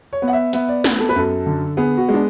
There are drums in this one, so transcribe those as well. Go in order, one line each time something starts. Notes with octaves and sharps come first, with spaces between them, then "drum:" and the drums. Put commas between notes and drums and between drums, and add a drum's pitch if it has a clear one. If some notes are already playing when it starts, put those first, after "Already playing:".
C#5
B3
F#5
E5
B3 E5, drum: hi-hat
D5
B3, drum: snare
A4
B4
F#2 A4
D3
B3 G#4
F#4
G#3
D4